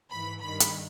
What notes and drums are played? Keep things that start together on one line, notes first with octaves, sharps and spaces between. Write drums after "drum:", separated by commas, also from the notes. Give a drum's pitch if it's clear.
G#2 E3 B5
G2 D#3 B5
drum: hi-hat